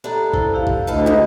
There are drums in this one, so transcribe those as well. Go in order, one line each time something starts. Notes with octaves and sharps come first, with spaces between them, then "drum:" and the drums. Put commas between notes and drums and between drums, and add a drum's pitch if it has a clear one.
A3 B3 D4 G4 A4 A#5
E4 A4 C5, drum: kick
E4 G4 F5
drum: kick
D2 A4 B4 D#5 F5
A2 G#3 D#4